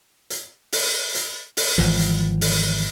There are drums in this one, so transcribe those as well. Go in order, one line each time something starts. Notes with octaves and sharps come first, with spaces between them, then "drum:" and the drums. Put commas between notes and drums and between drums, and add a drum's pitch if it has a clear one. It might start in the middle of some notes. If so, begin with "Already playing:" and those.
drum: hi-hat
drum: open hi-hat
drum: hi-hat
drum: open hi-hat
G#1 E3 F3
drum: hi-hat
drum: open hi-hat